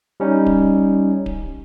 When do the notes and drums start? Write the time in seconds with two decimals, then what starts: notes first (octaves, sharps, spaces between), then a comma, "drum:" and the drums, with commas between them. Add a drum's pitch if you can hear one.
0.20 G3 C#4 D#4
0.46 drum: kick D1
1.26 drum: kick D1